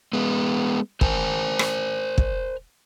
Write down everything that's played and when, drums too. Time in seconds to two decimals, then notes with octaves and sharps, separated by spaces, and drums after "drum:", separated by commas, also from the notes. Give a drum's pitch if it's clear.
0.13 G#3 B3
1.01 A#4 C5 G#5, drum: kick
1.59 drum: rim click
2.18 drum: kick